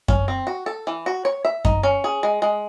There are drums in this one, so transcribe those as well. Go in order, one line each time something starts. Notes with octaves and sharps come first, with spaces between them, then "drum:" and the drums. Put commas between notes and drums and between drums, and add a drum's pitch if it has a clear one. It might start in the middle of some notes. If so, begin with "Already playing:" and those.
C#4, drum: kick F#2
C4
F#4
A4
E3
F#4
C#5
E5
D#4, drum: kick F#2
C#4
G#4
G#3
G#3